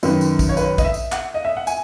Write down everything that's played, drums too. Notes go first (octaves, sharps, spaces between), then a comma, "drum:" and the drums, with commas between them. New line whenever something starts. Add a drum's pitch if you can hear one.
F#2 D#3 B4, drum: tambourine
drum: tambourine
drum: kick A1, tambourine
C#5
B4, drum: tambourine
D#5, drum: kick A1, tambourine
E5
drum: tambourine
F#5, drum: clap
D#5
E5
F#5
G#5, drum: tambourine